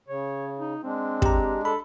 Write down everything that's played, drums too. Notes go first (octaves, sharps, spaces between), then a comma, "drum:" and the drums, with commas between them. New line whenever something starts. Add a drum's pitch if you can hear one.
C#3 C#5
D#4
G#3 C4 D4
G4 A#5, drum: kick
A4 B5